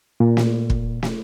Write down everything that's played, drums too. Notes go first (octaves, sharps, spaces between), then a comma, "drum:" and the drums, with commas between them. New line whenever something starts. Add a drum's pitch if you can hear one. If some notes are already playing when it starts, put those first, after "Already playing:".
A#2
drum: snare
drum: kick
drum: snare